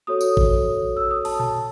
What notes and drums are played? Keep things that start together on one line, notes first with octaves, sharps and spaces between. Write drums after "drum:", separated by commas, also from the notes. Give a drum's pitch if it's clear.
F#4 A4 C#5 D#6
drum: tambourine
drum: kick
E6
D#6
A5, drum: open hi-hat
A5, drum: tom A#2